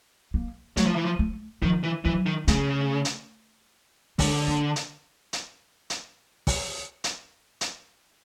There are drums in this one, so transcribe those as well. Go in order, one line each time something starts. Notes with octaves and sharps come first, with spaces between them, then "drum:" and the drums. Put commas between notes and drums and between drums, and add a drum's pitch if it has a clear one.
A#3
F#3 A3, drum: hi-hat
F3
E3
F3
A3
D#3 F3
E3
E3 F#3
D#3
C#3 A3, drum: hi-hat
drum: hi-hat
D3 G#3, drum: kick, open hi-hat
A#3
drum: hi-hat
drum: hi-hat
drum: hi-hat
drum: kick, open hi-hat
drum: hi-hat
drum: hi-hat